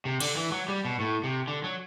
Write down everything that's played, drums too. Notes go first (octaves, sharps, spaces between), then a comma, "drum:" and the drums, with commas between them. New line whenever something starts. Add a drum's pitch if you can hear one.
C3
D3, drum: cymbal
E3
F#3
G3
B2
A2
C3
D3
F#3